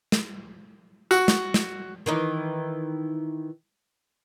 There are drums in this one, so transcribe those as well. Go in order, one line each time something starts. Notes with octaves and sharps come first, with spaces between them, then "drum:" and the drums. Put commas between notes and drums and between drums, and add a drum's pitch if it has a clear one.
drum: snare
F#4, drum: tambourine
drum: snare
drum: snare
D#3 E3 D#4